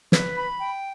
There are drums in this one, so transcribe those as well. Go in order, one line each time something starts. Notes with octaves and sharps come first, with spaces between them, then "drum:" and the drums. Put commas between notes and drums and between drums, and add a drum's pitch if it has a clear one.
B4, drum: snare
B5
G5